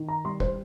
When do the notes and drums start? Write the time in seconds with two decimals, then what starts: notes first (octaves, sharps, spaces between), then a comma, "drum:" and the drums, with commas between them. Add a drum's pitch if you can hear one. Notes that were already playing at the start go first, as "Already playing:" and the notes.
Already playing: D#3
0.08 A#5
0.25 G3 C6
0.40 C5, drum: kick